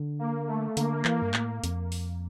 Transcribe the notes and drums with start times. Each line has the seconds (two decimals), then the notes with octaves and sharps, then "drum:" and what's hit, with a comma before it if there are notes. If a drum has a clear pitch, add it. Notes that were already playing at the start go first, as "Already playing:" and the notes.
Already playing: D3
0.19 A#3
0.48 A3
0.77 D3 A#3, drum: hi-hat
1.05 E3, drum: clap
1.22 G2
1.34 A2, drum: clap
1.64 F2, drum: hi-hat
1.92 drum: open hi-hat